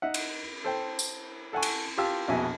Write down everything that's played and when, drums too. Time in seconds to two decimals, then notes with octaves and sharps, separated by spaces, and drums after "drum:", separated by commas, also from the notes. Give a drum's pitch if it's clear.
0.02 D#4 E5 F#5
0.14 drum: cymbal
0.64 A4 C5 G5
0.99 drum: tambourine
1.53 A4 F#5 G#5 C#6
1.63 drum: cymbal
1.98 F4 G4 F5 A5 E6
2.28 A#1 F2 B2 F#4 E5 G#5